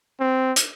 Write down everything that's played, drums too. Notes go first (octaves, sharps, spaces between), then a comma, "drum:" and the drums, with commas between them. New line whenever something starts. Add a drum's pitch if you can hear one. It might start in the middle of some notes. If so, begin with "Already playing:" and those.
C4
drum: hi-hat